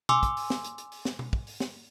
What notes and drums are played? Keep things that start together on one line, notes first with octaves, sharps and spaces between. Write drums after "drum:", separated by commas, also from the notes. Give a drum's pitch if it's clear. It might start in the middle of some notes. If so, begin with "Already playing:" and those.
G#5 C6 D6 E6, drum: tom
drum: kick, hi-hat
drum: open hi-hat
drum: snare
drum: hi-hat
drum: hi-hat
drum: open hi-hat
drum: snare
drum: tom
drum: kick
drum: open hi-hat
drum: snare